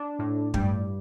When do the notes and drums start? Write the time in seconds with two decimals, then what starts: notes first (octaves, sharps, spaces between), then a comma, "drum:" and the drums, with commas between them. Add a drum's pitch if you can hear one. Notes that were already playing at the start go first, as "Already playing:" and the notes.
Already playing: D4
0.19 A2
0.54 G2 G3, drum: kick